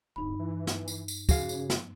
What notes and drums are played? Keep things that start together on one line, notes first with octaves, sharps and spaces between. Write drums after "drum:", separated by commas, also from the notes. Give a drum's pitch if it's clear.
D1 G2 D#4 B5
E3
drum: snare
drum: tambourine
drum: tambourine
C#3 F#4 G#4 F5, drum: kick, tambourine
drum: tambourine
drum: snare